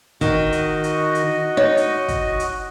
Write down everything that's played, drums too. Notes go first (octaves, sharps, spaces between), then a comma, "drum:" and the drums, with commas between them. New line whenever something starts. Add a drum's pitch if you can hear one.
D#3 F#4 D#5, drum: kick, hi-hat
drum: hi-hat
drum: hi-hat
drum: hi-hat
D#4 C#5
drum: hi-hat
drum: kick, hi-hat
drum: hi-hat